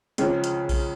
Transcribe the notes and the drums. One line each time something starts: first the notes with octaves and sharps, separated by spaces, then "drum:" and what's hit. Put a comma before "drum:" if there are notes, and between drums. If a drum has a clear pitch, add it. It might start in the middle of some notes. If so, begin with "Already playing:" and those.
C#2 C#3 F3, drum: hi-hat
drum: hi-hat
drum: kick A#1, open hi-hat